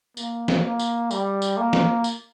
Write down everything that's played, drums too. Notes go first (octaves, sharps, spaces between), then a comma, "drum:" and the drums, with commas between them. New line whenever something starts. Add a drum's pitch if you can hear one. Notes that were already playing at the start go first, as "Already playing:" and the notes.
A#3, drum: tambourine
drum: snare
A#3
drum: tambourine
G3, drum: tambourine
drum: tambourine
A#3
drum: snare
drum: tambourine